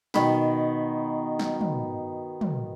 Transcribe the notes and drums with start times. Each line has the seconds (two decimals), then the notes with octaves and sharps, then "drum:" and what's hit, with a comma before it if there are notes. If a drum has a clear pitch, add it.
0.14 B2 D#3 B5, drum: snare
1.39 drum: snare
1.61 drum: tom
2.41 drum: tom